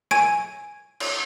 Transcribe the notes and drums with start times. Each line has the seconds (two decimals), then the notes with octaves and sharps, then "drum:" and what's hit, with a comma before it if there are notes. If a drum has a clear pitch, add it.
0.11 G#5 G#6 D7, drum: rim click
1.00 drum: cymbal